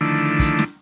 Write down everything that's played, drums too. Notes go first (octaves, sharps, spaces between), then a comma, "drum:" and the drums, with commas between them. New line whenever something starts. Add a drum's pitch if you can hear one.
D3 D#3 F3 A3 D4 E4
drum: kick, hi-hat
drum: snare